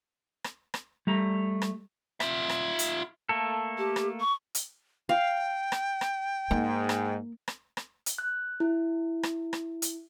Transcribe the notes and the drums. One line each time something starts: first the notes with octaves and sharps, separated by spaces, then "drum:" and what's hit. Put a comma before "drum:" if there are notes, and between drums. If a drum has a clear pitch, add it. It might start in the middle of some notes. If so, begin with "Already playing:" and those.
drum: rim click
drum: rim click
G3 A3 A#5
drum: rim click
F4 E5, drum: rim click
drum: rim click
drum: hi-hat
A3 A#3 A4
G4
drum: rim click
C#6
drum: hi-hat
F5 G5
drum: rim click
drum: rim click
G#2 A#3
drum: rim click
drum: rim click
drum: rim click
drum: hi-hat
F#6
E4
drum: rim click
drum: rim click
drum: hi-hat